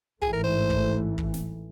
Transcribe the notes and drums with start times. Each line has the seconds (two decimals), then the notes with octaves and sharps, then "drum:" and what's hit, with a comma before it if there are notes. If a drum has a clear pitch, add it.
0.22 A1 G#2 E3 A3 G#4, drum: kick
0.33 A#4
0.44 C5
0.70 drum: kick
1.18 drum: kick
1.34 drum: snare